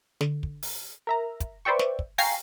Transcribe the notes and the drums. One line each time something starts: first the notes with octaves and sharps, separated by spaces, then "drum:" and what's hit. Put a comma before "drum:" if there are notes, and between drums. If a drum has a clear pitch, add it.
D3, drum: snare
drum: kick
drum: open hi-hat
A#4 E5 A#5
drum: kick, hi-hat
B4 C5 D5 E5 G5 C#6
drum: snare
drum: kick
F5 G5 G#5 A#5 C#6 C7, drum: open hi-hat